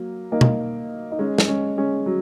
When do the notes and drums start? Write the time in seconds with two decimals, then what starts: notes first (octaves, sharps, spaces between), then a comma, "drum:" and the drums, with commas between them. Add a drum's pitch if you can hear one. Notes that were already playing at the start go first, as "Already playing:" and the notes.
Already playing: F#3 A#3
0.32 A#3 D#4
0.41 drum: tom B2
1.11 D#4
1.19 G#3 C#4
1.38 drum: snare
1.48 G#3 C#4
1.77 G#3 C#4
2.06 F#3